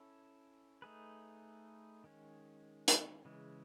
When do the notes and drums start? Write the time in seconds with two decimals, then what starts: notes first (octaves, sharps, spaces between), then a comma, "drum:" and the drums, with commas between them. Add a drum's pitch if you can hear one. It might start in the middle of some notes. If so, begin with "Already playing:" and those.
Already playing: C#4 E4 A4
0.82 A3 D#4 G#4 B4
2.04 D#3 G#3 C#4
2.88 drum: hi-hat
3.25 C#3 E3 G#3